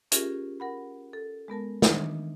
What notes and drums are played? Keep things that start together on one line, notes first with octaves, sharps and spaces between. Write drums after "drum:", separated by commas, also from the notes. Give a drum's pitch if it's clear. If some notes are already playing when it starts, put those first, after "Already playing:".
C#4 F4 G4 G#4 A#4, drum: hi-hat
A#4 F#5 B5
A4
G#3 B3 A#4 A5
D#3 E3 D4 D#4, drum: snare